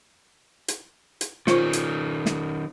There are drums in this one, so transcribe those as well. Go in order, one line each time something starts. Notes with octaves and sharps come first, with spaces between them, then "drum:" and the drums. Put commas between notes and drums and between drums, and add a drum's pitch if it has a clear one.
drum: hi-hat
drum: hi-hat
D#3 C#4 F4 C5 C#6, drum: snare
drum: hi-hat
drum: snare